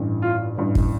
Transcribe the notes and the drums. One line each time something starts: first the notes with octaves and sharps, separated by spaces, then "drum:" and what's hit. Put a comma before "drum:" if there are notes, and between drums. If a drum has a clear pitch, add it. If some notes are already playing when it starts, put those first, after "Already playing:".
Already playing: A1 G2 E3
F4
A1 G2 E3
drum: kick